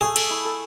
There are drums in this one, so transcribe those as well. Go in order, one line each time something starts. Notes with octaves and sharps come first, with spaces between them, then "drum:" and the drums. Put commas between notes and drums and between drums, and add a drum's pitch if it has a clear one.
A3 G#4
A4, drum: cymbal
E4
A4